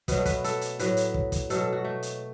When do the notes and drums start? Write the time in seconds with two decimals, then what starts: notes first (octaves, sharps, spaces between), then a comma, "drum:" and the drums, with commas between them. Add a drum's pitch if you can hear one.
0.08 B2 F#3 B3, drum: kick, hi-hat
0.17 A3
0.25 B4, drum: kick, hi-hat
0.44 A4, drum: hi-hat
0.61 drum: hi-hat
0.79 A2 F#3 B4, drum: hi-hat
0.97 drum: hi-hat
1.14 drum: kick
1.32 drum: kick, hi-hat
1.50 B2 F#3 A4, drum: hi-hat
1.61 A4
1.73 F#4
1.85 A3
2.03 drum: hi-hat